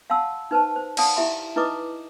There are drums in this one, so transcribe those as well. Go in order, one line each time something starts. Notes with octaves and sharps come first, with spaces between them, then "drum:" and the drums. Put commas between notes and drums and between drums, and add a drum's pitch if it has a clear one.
F5 F#5 A5 C6 E6
D#4 B4 C5 A5
C5
D5 F5 F#5 A5 D#6, drum: cymbal
E4 G4 E5 C6
D#4 E4 B4 D#5 D6 D#6